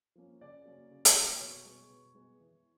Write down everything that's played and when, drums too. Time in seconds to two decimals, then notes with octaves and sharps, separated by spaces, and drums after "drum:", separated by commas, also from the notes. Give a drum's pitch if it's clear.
0.16 F3 A#3 C#4
0.41 C#3 D5
0.65 F#3 A#3 C#4
0.91 C#3
1.05 drum: hi-hat
1.15 F#3 A#3 C#4
1.40 B2 C#5
1.65 G#3 B3
1.90 B2
2.15 G#3 B3
2.40 E3